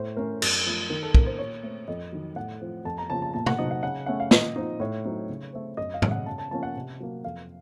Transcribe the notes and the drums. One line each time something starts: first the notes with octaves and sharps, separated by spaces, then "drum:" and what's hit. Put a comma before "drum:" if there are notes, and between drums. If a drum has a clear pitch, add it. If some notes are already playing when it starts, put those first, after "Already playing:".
Already playing: A2 C5
A3 C#4 A#4
F#2, drum: cymbal
F3 A3
D#3 A#4
A4
A#3 C#4 A#4, drum: kick
C5
A#2 C#5
A3 C4
F2 D#5
D#3 F#3
A2 F#5
F3 C4
F2 A5
A#5
C#3 F3 A#3 A5
A5
A#2 A5
F#5, drum: tom
F#3 C4 D#4 D#5
F#5
C#3 F#5
A3 C#4 F#5
F5
A#2 D#5, drum: snare
F3 C4 D#4
A2 C#5
F#3 C4 D#4
C#3
A3 C4
F#2 D#5
F5
C#3 A3, drum: tom
F#5
C#3 A5
A5
F3 A#3 C#4 A5
F#5
C3
F#3 A#3
F2 F5